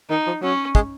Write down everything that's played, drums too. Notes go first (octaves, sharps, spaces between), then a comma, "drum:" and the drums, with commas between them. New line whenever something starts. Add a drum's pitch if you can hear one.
D#3 D#4
F3
F#3 C#4
G#3, drum: kick